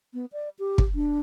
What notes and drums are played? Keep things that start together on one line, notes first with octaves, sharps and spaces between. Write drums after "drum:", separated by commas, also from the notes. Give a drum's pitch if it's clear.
B3
D5
G4
drum: kick
D4